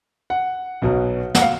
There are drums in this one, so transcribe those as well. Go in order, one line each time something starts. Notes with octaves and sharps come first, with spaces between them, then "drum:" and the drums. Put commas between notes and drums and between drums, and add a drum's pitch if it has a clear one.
F#5
B1 B2 F#3
F#5, drum: snare
F5